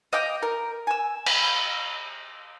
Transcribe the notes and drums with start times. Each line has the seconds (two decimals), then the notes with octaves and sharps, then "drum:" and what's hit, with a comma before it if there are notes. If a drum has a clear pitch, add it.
0.13 D#5 F5 G5 D6
0.43 A#4
0.87 G#5 E6
1.26 B5, drum: cymbal